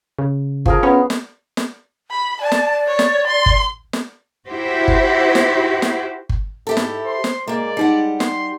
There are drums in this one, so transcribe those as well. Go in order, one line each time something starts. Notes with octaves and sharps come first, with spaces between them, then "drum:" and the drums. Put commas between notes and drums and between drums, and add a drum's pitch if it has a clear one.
C#3
F3 G#4 A#4, drum: kick G1
B3 C#4
drum: snare
drum: snare
B5
D5 A5
drum: snare
C#5
drum: snare
C6
drum: kick G1
drum: snare
E4 F#4 G4 C5
drum: kick G1
drum: snare
drum: snare
drum: kick G1
G#2 E4 G4 A4
drum: snare
C5 C6
drum: snare
G#2 G#3 A#3 D5
G3 D#4 G4 D#5 F#5
C6, drum: snare